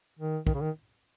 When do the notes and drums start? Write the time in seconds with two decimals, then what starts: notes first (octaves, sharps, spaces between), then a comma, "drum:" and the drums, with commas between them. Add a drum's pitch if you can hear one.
0.19 D#3
0.47 D#3, drum: kick
0.54 C#3
0.61 D#3